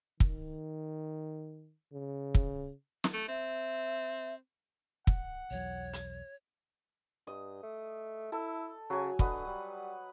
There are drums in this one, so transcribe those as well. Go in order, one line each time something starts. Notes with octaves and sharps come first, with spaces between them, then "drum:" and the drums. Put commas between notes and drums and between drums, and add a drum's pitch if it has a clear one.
D#3, drum: kick
C#3
drum: kick
drum: snare
A3
C4 E5
F#5, drum: kick
B1 E2 F#3 C#5
drum: hi-hat
G2 D#5
A3
E4 A4
C#3 F#3 G#5
D3 B4 D#5 F#5, drum: kick
G3